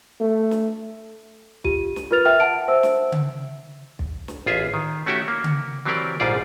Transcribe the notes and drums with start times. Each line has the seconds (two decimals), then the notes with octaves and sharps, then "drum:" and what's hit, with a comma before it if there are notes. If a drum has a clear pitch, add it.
0.20 A3
0.51 drum: snare
1.64 F4 G4 D#7, drum: kick
1.96 drum: snare
2.11 F4 A#4 B4 F6 A6 F7
2.25 A#4 E5 G5 F6
2.40 F#5 A5 D7
2.68 C5 E5 E6
2.83 drum: snare
3.12 drum: tom C#3
3.99 drum: kick
4.28 drum: snare
4.46 A1 F4 G#4 E5
4.74 D#3
5.06 A3 C#4 F#4 G4 E5
5.28 A#3
5.44 drum: tom C#3
5.85 E3 F#3 C4 G4 A#4 D5
6.20 A#1 G#2 G3 F4 G#4 D5